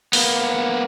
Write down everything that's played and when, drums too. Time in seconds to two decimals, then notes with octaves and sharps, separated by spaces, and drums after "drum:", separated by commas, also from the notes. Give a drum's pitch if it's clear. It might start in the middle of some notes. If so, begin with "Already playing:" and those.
0.13 A#3 B3, drum: open hi-hat